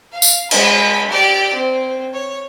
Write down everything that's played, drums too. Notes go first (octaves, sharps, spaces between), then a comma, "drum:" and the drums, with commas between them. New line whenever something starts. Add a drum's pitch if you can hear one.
F5
drum: tambourine
G#3 B5, drum: cymbal
G4 D5
C4
C#5